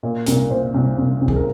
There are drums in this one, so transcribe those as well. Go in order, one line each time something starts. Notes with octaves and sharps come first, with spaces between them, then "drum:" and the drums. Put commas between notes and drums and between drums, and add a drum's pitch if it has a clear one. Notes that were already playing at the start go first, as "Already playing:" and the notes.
A#2 A#4
C2 A#4, drum: hi-hat
A#2 C5
C2
C2
C2
G#4, drum: kick C#2
A#4